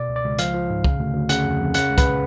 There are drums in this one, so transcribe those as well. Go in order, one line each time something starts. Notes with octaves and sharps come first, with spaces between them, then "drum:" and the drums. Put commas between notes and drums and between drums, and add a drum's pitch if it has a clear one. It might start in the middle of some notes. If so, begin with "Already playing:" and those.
Already playing: B2 D5
C#2
D5
C#2
F3 F5, drum: hi-hat
F3
G#2
C#3, drum: kick
D2
D2
C#3 F#5, drum: hi-hat
F2
F2
C#3 F#5, drum: hi-hat
C#2
B4, drum: kick, hi-hat